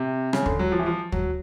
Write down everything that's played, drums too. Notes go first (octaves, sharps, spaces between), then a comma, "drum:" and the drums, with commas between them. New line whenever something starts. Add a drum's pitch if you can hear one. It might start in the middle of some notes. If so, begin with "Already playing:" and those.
Already playing: C3
C#3, drum: rim click
D3, drum: kick
F#3
F3
E3
F3
F#3, drum: kick